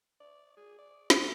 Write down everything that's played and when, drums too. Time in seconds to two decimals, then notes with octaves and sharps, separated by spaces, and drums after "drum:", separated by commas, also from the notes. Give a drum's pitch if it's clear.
0.20 D5
0.57 G#4
0.79 D5
1.10 E3, drum: snare